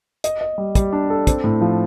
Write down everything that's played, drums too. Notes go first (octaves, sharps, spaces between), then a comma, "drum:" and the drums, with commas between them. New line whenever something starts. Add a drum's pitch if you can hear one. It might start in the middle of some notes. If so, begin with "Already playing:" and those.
D#5, drum: hi-hat
D#5
G3
G3, drum: kick, hi-hat
D4
A4
C4, drum: kick, hi-hat
A2
F3